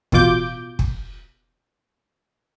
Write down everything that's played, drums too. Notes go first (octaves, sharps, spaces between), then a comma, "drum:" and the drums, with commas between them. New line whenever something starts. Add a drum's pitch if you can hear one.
A1 B2 F4 D6 G6, drum: kick
drum: kick